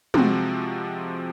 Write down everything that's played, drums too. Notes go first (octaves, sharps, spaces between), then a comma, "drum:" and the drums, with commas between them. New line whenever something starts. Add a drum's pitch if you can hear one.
C3 F3 G#3 C4 F#4, drum: tom